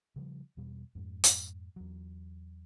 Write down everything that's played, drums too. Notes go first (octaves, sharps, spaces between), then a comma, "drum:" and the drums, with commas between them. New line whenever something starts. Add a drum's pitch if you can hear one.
C#3 F3 G3
E2 B2 G3
F2 G#2
drum: hi-hat
E2 F#3